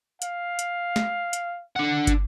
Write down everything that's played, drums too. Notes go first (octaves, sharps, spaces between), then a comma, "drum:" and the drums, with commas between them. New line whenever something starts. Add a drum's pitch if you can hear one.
F5, drum: hi-hat
drum: hi-hat
drum: snare
drum: hi-hat
D4 F#5
drum: kick, hi-hat